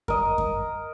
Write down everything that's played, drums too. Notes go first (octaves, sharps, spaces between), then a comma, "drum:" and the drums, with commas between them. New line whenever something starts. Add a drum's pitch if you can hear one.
A#4 D#5, drum: kick F#2
drum: kick F#2